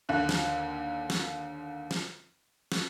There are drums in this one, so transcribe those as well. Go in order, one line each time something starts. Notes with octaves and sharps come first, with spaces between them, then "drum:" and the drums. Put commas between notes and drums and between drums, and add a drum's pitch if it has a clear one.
D#2 D3 F#6
drum: snare
drum: snare
drum: snare
drum: snare